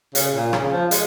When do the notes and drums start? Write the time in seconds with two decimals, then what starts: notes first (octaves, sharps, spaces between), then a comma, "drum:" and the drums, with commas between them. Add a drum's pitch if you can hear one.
0.15 C#3, drum: hi-hat
0.34 A#2
0.53 C#3, drum: rim click
0.72 F3
0.91 G#3, drum: hi-hat